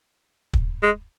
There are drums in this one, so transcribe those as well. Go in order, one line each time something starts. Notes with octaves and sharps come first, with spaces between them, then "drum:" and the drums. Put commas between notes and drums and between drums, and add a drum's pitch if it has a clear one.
drum: kick
G#3